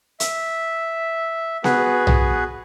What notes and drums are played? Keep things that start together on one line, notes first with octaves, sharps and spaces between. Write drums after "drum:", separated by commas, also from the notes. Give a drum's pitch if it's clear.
E5, drum: hi-hat
B3 F#4 G#4 B4, drum: snare B3
drum: tom